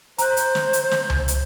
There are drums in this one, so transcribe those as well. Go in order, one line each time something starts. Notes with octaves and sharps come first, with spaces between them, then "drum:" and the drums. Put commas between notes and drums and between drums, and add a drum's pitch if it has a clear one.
C5 A#5 F#6, drum: hi-hat
drum: hi-hat
drum: snare
drum: hi-hat
drum: snare
drum: tom C#2
drum: hi-hat